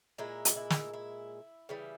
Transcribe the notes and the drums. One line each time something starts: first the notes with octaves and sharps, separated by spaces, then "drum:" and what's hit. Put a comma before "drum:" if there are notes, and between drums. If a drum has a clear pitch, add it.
A#2 G#3 E4
drum: hi-hat
E4
drum: snare
E4
C#3 E3 G3